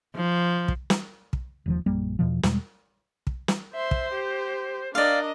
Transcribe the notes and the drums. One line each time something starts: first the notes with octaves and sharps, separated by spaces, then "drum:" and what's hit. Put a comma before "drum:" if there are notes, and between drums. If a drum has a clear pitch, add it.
F3
drum: kick
drum: snare
drum: kick
E1 D#2 F3
A#1 F#2 G3 A#3
E2 B2 F3
E2 B2 G3 G#3, drum: snare
drum: kick
drum: snare
C5 E5 C6
drum: kick
G4
D4 A#4 D5 D#5 F5